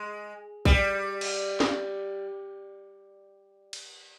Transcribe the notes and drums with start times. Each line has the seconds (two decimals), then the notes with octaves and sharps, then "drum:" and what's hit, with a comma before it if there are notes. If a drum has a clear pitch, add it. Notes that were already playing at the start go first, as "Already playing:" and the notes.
Already playing: G#3
0.65 G3, drum: kick
1.21 drum: cymbal
1.60 drum: snare
3.73 drum: cymbal